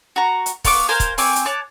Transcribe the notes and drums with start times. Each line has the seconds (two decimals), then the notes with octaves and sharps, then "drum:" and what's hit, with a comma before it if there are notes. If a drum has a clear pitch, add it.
0.16 F#4 A#5
0.46 drum: hi-hat
0.64 B3 F5 C#6 D6, drum: kick, open hi-hat
0.89 A#4 C5 F5 G#5
1.00 drum: kick, hi-hat
1.18 C4 G#5 C#6 D6, drum: open hi-hat
1.36 drum: hi-hat
1.46 C#5 A5 D6 F#6